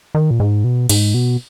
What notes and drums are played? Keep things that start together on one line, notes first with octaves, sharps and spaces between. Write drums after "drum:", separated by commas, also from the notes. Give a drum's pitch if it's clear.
D#3
A#2
G#2
B2
G#2, drum: cymbal
B2